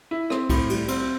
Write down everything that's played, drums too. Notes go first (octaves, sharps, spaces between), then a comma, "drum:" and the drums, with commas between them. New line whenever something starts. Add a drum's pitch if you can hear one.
E4
C4, drum: rim click
A2, drum: kick C2, cymbal
G3, drum: cymbal
C4, drum: cymbal